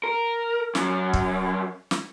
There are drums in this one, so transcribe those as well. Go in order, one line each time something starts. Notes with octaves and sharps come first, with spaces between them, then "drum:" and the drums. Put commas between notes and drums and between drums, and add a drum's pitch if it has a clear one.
A#4
F#2, drum: snare
drum: kick
drum: snare